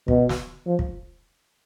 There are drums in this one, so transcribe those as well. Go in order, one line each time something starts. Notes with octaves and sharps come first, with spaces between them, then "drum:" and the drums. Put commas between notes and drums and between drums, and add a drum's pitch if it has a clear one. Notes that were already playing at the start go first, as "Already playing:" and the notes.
B2, drum: kick
drum: snare
F3
drum: kick